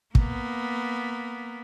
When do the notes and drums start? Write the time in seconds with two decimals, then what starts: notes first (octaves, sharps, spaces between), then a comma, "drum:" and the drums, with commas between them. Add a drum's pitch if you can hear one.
0.15 A#3 B3, drum: kick